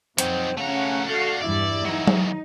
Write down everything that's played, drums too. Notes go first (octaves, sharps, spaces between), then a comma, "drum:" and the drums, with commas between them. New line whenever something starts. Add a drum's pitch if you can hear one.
F2 F#3 C4 D#4, drum: hi-hat
C#3 A3 C#4 F#5 A#5
A3 F#4 D5 F5 F#5
E2 G2 E4 D5
E3 F#3 D#4
drum: tom F#3